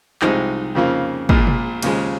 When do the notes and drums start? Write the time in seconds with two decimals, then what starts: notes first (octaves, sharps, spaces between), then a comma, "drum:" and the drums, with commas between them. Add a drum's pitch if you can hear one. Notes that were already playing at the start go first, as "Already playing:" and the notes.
0.22 C2 C3 F3 G#3 D#4, drum: clap
0.75 F2 C#3 F3 A#3
1.29 A#1 A#2 G#3, drum: kick
1.47 drum: tom B2
1.82 D#2 C#3 F3 G#3, drum: cymbal